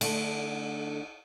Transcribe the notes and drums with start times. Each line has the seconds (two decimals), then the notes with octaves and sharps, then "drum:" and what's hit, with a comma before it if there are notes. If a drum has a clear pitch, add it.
0.01 D3 A3, drum: cymbal